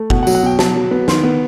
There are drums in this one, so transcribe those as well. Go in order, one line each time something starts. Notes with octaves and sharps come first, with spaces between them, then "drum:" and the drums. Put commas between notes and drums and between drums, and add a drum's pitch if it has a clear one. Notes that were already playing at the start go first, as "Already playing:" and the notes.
Already playing: A3
B2 F#5, drum: kick F#1
F#5
F#3, drum: tambourine
F#5
B2 G5
F#3 A5, drum: snare
F#3
B3
D#3 C6, drum: snare
B3